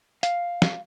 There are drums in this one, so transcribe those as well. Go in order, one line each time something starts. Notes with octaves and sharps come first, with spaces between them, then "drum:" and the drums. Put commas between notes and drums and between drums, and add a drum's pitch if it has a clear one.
F5, drum: hi-hat
drum: snare